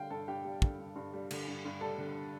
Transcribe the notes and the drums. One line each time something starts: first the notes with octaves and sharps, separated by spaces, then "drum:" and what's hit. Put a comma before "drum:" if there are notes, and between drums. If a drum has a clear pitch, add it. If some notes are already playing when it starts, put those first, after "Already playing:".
Already playing: D3 G3 F5 G5
G2 A4
G2 G4
G3
D3, drum: kick
G2
G2
G3
D3, drum: cymbal
G2
G2
G3 A4
D3